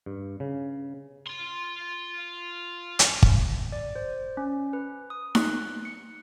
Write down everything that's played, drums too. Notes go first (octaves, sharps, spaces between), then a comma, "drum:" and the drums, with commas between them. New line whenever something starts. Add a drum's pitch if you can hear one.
G2
C#3
F4 C6
drum: hi-hat
drum: kick
D5
C5
C#4
B4
D#6
F#6, drum: snare D#4
C#7